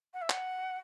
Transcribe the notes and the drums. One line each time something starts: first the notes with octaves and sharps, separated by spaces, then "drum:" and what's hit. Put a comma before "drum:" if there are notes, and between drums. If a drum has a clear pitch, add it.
F#5
E5
F#5, drum: clap